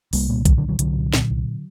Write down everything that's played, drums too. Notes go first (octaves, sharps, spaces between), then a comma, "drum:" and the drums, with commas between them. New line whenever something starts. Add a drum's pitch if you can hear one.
C2 G3 A#3, drum: open hi-hat
A#2 G3 A#3
A#2 D#3 G3, drum: kick B1, hi-hat
D3 F#3
C2
D3 F#3
C2 D3 F#3, drum: hi-hat
A#2
A#2, drum: snare
C2